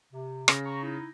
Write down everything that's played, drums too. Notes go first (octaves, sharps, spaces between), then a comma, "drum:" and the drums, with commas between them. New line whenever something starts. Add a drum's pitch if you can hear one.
C3
C#3 A#6, drum: rim click
A#5 C#6
D#4 E4